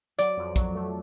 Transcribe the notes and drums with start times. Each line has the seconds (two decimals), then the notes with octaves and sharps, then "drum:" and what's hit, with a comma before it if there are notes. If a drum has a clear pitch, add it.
0.18 F#3 D5, drum: hi-hat
0.37 F2
0.56 F#3, drum: kick, hi-hat
0.74 A3